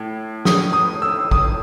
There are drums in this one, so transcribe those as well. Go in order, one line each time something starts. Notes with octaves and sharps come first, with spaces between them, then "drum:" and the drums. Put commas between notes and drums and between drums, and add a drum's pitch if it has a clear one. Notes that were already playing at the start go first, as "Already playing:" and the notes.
Already playing: A2
D#6, drum: snare
D#6
E6
D#6, drum: kick A1